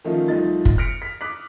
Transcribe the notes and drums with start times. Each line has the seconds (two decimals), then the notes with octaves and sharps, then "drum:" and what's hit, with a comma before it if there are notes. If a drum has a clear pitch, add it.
0.05 D#3 F3 A3 C#4 D#4 F4
0.28 C2 F3 A3 D#4 F4 A6
0.65 drum: kick
0.78 F6 A#6 B6 C#7 D7
1.02 B6
1.21 D6 D#6 F#6 B6